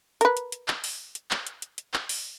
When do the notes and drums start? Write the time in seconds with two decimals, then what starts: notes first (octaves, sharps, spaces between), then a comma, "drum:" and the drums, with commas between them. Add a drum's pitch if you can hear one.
0.21 A#4 B4, drum: hi-hat
0.37 drum: hi-hat
0.52 drum: hi-hat
0.68 drum: clap
0.84 drum: open hi-hat
1.15 drum: hi-hat
1.31 drum: clap
1.47 drum: hi-hat
1.62 drum: hi-hat
1.78 drum: hi-hat
1.94 drum: clap
2.09 drum: open hi-hat